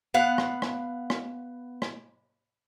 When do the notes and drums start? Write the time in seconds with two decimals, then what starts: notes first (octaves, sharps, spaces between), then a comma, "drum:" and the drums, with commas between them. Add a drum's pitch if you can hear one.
0.14 B3 F5 F#5
0.38 drum: rim click
0.62 drum: rim click
1.10 drum: rim click
1.82 drum: rim click